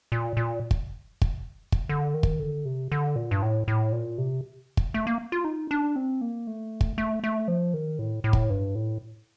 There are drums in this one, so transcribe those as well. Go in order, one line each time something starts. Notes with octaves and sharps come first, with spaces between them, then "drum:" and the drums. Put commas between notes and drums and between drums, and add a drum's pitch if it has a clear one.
A#2
A#2
drum: kick
drum: kick
drum: kick
D3
D#3
drum: kick
D3
C3
D3
A#2
G2
A2
A2
A#2
C3
drum: kick
A3
A#3
F4
D#4
D4
C4
A#3
A3
drum: kick
A3
A3
F3
D#3
A2
A2
drum: kick
G2
A2